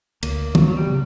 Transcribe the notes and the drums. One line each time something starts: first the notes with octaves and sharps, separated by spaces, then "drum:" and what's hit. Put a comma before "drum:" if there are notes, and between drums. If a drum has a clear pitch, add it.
D2 A#3, drum: cymbal
F#3 B3, drum: tom
F#3
G3
C#3